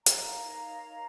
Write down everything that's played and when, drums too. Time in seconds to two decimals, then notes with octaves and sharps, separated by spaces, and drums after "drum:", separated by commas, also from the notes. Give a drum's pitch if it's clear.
0.06 D#4 A#4 C#5 F5 A#5, drum: hi-hat